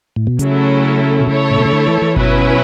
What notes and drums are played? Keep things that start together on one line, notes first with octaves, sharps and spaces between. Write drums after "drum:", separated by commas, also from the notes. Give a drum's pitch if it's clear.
A2
B2
C#3 F#3 A3 C#4 E4 A4, drum: hi-hat
B2
C#3 A3 E4 A4 C#5
A2
B2
C#3
D3
E3
E3
B2 F#3 C#4 E4 B4, drum: kick G1